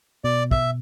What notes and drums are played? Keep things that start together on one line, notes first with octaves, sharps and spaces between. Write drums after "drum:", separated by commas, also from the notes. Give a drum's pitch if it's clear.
B2 D5
E5, drum: kick